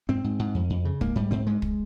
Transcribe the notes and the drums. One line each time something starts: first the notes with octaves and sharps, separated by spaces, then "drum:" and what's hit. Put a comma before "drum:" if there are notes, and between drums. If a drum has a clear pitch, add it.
G#2 C4
G#2
G#2
F2
F2
C#3
G#2 A#3, drum: kick
G#2 G3
G#2 C4
G2 G#3
drum: kick